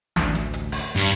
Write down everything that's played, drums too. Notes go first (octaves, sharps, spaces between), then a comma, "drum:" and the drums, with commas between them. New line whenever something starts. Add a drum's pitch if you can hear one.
A1 D2, drum: snare
drum: hi-hat
drum: hi-hat
drum: open hi-hat
G2